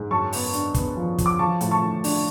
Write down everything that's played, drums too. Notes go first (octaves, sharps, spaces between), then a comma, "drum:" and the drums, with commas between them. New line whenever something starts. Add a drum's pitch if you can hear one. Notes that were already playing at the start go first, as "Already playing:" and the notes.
Already playing: G#2
F#2 A5 C#6
B3, drum: open hi-hat
D4, drum: hi-hat
B3, drum: kick, hi-hat
F3
F3, drum: kick, hi-hat
D6
F3 A5 C#6
A2, drum: hi-hat
A5 C#6
A2
D4, drum: open hi-hat